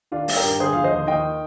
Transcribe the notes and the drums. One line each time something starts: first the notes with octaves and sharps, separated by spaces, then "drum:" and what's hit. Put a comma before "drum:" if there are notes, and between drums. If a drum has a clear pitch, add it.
D#3 D4 F4
G3, drum: open hi-hat
G4 A#4
G2
D3 G#4 C5
F3 F5
C5 D#5
D#2
D#3 D#5 G5